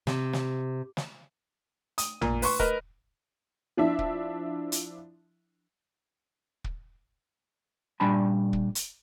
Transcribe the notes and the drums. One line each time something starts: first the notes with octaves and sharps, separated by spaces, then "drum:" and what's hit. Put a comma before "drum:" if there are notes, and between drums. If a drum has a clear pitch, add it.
C3, drum: snare
drum: snare
drum: snare
D#6, drum: hi-hat
A#2, drum: tom A1
B4 C6 C#6, drum: open hi-hat
A#4 B4 D#5, drum: kick
F3 D4 E4 E5
drum: kick
drum: hi-hat
drum: kick
A#2 G3 D4 G#5 A5 B5
drum: kick
drum: hi-hat